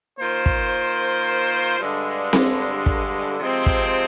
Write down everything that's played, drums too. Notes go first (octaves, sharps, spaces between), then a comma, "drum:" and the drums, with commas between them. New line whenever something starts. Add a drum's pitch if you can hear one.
D#3 A#3 F4 C5
drum: kick
G2 D3 G#3
drum: snare C4
drum: kick
C3 F3 G#3 C4
drum: kick